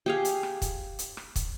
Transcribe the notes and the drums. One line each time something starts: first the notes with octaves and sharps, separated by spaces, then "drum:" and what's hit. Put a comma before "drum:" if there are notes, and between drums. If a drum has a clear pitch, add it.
G4 G#4 F5
drum: hi-hat
drum: rim click
drum: kick, hi-hat
drum: hi-hat
drum: rim click
drum: kick, hi-hat